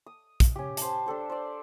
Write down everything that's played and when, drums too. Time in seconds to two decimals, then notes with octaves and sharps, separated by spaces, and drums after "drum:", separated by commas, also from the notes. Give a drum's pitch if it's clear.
0.06 D#6
0.40 drum: kick, hi-hat
0.56 C#4 G4
0.77 C5 G5 A5, drum: hi-hat
1.06 D4 G4 A4 C5
1.30 C5 D5